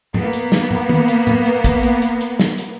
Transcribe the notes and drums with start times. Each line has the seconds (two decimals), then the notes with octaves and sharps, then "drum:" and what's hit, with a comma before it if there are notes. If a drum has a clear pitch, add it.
0.14 A#3 B3, drum: tom
0.33 drum: hi-hat
0.52 drum: snare
0.71 drum: tom
0.89 drum: tom
1.08 drum: hi-hat
1.27 drum: tom A2
1.46 drum: hi-hat
1.64 drum: kick, hi-hat
1.83 drum: hi-hat
2.02 drum: hi-hat
2.21 drum: hi-hat
2.39 drum: snare
2.58 drum: hi-hat